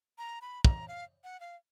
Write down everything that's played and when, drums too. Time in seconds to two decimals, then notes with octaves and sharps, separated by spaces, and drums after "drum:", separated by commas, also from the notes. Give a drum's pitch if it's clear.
0.18 A#5
0.42 B5
0.65 A#5, drum: kick
0.88 F5
1.24 F#5
1.40 F5